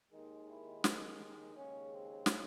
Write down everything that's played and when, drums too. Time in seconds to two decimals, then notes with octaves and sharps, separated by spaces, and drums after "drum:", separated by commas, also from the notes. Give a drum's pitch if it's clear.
0.12 D#2 D#3 G#3 D#4
0.48 E4
0.84 D#4, drum: snare
1.54 D#2 C#3 G#3 C#4
1.91 C4
2.26 drum: snare